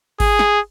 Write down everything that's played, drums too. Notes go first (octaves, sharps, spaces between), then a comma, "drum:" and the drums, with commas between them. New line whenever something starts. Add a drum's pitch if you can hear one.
G#4, drum: kick G#1, open hi-hat
drum: snare